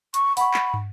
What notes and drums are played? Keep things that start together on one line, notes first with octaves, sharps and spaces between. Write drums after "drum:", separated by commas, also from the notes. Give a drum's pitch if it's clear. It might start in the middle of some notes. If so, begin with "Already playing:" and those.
C#6, drum: hi-hat
F#5 B5 C#6, drum: open hi-hat
drum: clap
drum: tom